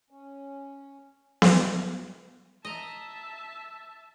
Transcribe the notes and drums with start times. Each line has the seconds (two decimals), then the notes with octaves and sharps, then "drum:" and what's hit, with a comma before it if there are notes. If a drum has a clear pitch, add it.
0.10 C#4
1.42 drum: snare B3
2.65 D#5 E5 A5 A#5